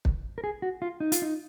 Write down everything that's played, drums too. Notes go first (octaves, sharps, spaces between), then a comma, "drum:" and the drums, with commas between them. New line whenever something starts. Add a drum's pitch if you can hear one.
drum: kick
A#4
G#4
F#4
F4
D#4
F4, drum: hi-hat
D#4